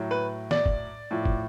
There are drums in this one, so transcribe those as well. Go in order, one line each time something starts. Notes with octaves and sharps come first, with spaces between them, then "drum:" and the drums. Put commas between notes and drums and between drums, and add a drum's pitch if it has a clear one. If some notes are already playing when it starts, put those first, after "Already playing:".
Already playing: A2 F#3
B4
D5, drum: snare
drum: kick
A2 F3
drum: kick